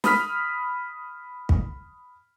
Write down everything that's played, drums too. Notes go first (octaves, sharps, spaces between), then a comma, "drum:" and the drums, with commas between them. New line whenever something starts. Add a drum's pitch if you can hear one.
B5 D#6 F6 B6, drum: snare
drum: kick